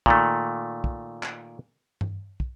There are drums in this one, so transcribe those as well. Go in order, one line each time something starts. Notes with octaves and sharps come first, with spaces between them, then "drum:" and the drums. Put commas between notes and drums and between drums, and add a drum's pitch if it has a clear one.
A#2 D#3 A3, drum: kick
drum: kick
drum: clap
drum: tom G2
drum: kick